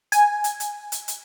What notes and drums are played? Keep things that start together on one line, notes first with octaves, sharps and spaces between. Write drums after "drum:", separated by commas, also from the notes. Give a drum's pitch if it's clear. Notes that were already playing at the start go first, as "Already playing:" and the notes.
G#5, drum: hi-hat
drum: hi-hat
drum: hi-hat
drum: hi-hat
drum: hi-hat